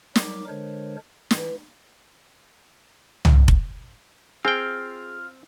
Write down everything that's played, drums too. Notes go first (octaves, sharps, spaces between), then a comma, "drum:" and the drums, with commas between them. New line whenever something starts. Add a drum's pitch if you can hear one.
F#3 G3 D#4 A#4 D6, drum: snare
D3 G#3 D4 A#4 C5 C#5
E3, drum: snare
drum: tom C2
drum: kick F1
C4 F4 G#4 F5 G5